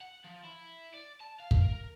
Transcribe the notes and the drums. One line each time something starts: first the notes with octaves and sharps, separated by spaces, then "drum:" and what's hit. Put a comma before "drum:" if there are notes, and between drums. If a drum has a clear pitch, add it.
F#5
F3
E4
D5
A5
F5
drum: kick
A#4